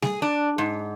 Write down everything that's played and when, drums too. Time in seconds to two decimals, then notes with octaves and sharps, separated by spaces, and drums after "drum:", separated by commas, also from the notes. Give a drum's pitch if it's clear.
0.02 G#4, drum: snare G3
0.22 D4
0.58 G#2